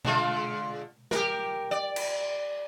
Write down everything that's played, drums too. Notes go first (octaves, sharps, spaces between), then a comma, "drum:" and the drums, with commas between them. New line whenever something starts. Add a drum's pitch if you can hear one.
D3 G#3 F4, drum: tom B2
G4 A#4, drum: snare
D5
drum: cymbal